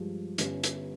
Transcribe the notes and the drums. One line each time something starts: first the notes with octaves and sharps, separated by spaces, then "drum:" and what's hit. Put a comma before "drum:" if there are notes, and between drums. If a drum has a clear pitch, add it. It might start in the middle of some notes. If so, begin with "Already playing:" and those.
Already playing: G2 F3 G#3
G1 G2 G3 C#4, drum: hi-hat
drum: hi-hat